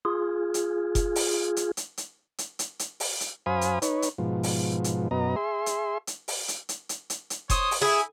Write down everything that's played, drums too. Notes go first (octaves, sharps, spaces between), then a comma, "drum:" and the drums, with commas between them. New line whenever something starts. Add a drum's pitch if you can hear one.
F4 G#4
drum: hi-hat
drum: kick F1, hi-hat
drum: open hi-hat
drum: hi-hat
drum: hi-hat
drum: hi-hat
drum: hi-hat
drum: hi-hat
drum: hi-hat
drum: open hi-hat
drum: hi-hat
F#2 C5 F5 G#5 B5 D#6
drum: hi-hat
D#4 B4 C#5, drum: hi-hat
drum: hi-hat
G#2 B2 F3
drum: open hi-hat
drum: hi-hat
F#2 B2 B3 D#5 A#5
G#4 E5 C6
drum: hi-hat
drum: hi-hat
drum: open hi-hat
drum: hi-hat
drum: hi-hat
drum: hi-hat
drum: hi-hat
drum: hi-hat
C5 C#5 D#6, drum: kick F1, hi-hat
drum: open hi-hat
E4 G#4